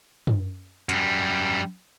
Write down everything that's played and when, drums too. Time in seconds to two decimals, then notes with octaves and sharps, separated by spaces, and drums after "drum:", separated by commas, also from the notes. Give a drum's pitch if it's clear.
0.27 drum: tom
0.89 F#2 G3, drum: hi-hat